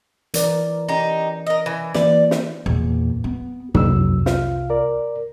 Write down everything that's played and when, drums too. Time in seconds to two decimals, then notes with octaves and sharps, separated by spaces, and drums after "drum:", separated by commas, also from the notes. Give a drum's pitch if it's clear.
0.34 E3 A#4 D5, drum: hi-hat
0.89 C#4 D#4 G4
1.47 A#4 D#5
1.66 E3
1.94 E3 A#3 D5, drum: snare
2.31 drum: snare
2.66 E2 A#2
3.24 B3
3.74 C2 F#2 F#3 E6, drum: tom
4.26 F4 F5, drum: snare
4.70 A#4 D5